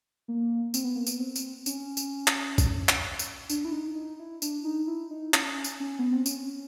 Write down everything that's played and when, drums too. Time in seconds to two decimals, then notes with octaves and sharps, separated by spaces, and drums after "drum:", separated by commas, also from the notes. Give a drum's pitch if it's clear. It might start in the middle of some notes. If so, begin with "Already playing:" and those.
0.28 A#3
0.74 C4, drum: tambourine
0.84 B3
0.96 A#3
1.07 B3, drum: tambourine
1.20 C4
1.36 drum: tambourine
1.66 C#4, drum: tambourine
1.97 drum: tambourine
2.27 drum: clap
2.58 drum: kick, tambourine
2.89 drum: clap
3.19 drum: tambourine
3.50 D4, drum: tambourine
3.65 E4
3.73 D#4
3.95 D#4
4.19 E4
4.42 D4, drum: tambourine
4.65 D#4
4.87 E4
5.11 D#4
5.34 C#4, drum: clap
5.64 drum: tambourine
5.80 C#4
5.99 B3
6.13 C4
6.26 C#4, drum: tambourine